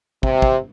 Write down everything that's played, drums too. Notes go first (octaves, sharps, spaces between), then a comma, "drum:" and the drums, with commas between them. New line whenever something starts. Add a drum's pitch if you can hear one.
C3, drum: kick
drum: kick